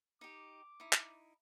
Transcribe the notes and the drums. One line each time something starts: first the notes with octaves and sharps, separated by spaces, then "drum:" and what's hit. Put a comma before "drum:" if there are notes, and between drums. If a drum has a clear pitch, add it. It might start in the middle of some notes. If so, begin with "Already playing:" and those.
D#4 G4 D6
D#4 E4
drum: clap